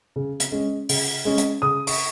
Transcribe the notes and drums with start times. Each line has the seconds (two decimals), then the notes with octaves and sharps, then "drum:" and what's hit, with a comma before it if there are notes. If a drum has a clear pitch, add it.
0.16 C#3
0.40 drum: hi-hat
0.52 G#3 C#4
0.89 C#3, drum: open hi-hat
1.25 G#3 C#4
1.38 drum: hi-hat
1.62 C#3 D#6
1.87 C#6, drum: open hi-hat